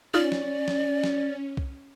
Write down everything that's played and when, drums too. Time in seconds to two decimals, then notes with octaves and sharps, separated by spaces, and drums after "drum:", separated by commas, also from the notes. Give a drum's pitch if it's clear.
0.14 C#4 D#4 F4 D5
0.32 drum: snare
0.68 drum: snare
1.04 drum: snare
1.57 drum: kick C2